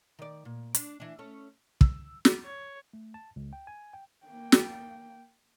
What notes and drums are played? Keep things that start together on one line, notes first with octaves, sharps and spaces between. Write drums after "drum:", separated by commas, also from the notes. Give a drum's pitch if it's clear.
D#3 D5
A#2
D4, drum: hi-hat
E3 D4
A3 C#4
E6, drum: kick
drum: snare
C#5
A3
A5
C#2
G5
G#5
G5
A#3 G5
drum: snare